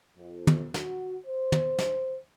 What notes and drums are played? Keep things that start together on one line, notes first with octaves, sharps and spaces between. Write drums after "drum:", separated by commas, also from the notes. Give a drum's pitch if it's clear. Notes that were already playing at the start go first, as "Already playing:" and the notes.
F2
drum: tom
F#4, drum: snare
C5
drum: tom
drum: snare